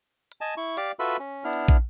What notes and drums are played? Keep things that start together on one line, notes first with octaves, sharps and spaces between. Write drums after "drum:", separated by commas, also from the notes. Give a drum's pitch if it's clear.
drum: hi-hat
D#5 G#5 A5
E4 C#6
G4 D5 F5, drum: hi-hat
F4 F#4 A4 B4 E5 B5
C#4
B3 D4 E4 F6
drum: hi-hat
drum: kick, hi-hat